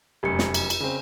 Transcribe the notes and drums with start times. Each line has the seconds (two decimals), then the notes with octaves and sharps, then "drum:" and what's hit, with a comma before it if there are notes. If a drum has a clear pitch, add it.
0.23 F1 F#2 G4 C#7
0.39 drum: snare
0.54 drum: cymbal
0.70 drum: cymbal
0.80 C#3 C4